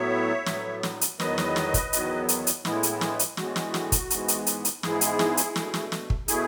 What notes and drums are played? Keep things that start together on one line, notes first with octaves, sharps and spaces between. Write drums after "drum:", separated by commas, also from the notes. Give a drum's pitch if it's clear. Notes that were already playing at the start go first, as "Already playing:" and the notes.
Already playing: A2 F#3 B3 C#5 E5
A2 F#3 B3, drum: snare
drum: snare
drum: hi-hat
E2 D#3 F#3 B3 B4 D#5, drum: snare
drum: snare
drum: snare
drum: kick, hi-hat
E2 D#3 F#3 B3, drum: hi-hat
drum: hi-hat
drum: hi-hat
A2 E3 G#3 B3 E4, drum: snare
drum: hi-hat
drum: snare
drum: hi-hat
A2 E3 G#3 B3 F#4, drum: snare
drum: snare
drum: snare
drum: kick, hi-hat
G#2 E3 G#3 B3, drum: hi-hat
drum: hi-hat
drum: hi-hat
drum: hi-hat
G#2 E3 G#3 B3 E4 G#4, drum: snare
drum: hi-hat
drum: snare
drum: hi-hat
B2 A3, drum: snare
drum: snare
drum: snare
drum: kick
B2 A3 E4 G#4, drum: hi-hat